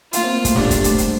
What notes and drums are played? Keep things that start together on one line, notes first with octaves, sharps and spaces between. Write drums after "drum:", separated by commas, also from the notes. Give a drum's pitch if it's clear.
A#3 F4, drum: hi-hat
C4
A#3
A3, drum: kick, hi-hat
G3 D4, drum: snare
A3
G3, drum: kick, hi-hat
drum: hi-hat
drum: hi-hat